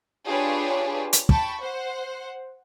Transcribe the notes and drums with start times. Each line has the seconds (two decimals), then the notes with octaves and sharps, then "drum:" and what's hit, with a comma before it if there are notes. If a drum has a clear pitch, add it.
0.25 D4 F4 G4 G#4 B4 C#5
1.13 drum: hi-hat
1.29 G5 A5 B5 C#6, drum: kick
1.61 C5 F#5